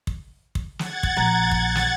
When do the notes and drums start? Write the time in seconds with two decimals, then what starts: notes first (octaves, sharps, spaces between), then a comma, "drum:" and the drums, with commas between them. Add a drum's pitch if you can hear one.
0.07 drum: kick
0.55 drum: kick
0.79 F#5 G#6 A6, drum: snare
1.03 drum: kick
1.17 A#1 A#5
1.51 drum: kick
1.75 drum: snare